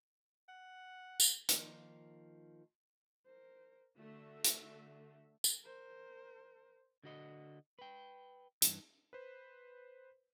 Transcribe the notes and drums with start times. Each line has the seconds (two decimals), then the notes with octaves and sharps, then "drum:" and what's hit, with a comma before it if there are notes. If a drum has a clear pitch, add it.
0.49 F#5
1.20 drum: tambourine
1.49 D#3 F3 A#3, drum: hi-hat
3.26 A#4 C5
3.97 D3 A3 F#4 E5
4.44 drum: hi-hat
5.44 drum: tambourine
5.63 A#4 C5
7.04 D3 F#4 D#5
7.79 B4 G5
8.62 G2 E3, drum: hi-hat
9.13 B4 C5